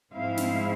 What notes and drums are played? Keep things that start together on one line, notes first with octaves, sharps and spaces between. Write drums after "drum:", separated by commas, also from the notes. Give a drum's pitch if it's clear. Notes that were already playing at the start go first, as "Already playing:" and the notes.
G#2 F3 G#3 C4 E4 F5
drum: snare